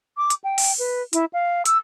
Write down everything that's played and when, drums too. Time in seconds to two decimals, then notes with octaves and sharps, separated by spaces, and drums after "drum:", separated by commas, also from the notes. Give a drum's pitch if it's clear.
0.17 D6
0.30 drum: hi-hat
0.44 G5
0.58 drum: open hi-hat
0.79 B4
1.13 E4, drum: hi-hat
1.33 F5
1.66 E6, drum: hi-hat